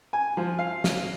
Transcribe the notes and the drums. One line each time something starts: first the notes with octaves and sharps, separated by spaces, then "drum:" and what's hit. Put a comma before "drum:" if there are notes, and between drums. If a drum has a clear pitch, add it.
G#5
F3
F5
drum: snare